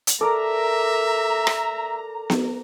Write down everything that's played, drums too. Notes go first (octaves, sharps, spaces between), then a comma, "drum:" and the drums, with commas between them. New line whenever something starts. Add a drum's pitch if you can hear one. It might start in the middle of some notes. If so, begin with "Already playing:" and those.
drum: hi-hat
A4 A#4 D5 E5 A#5
drum: rim click
drum: snare B3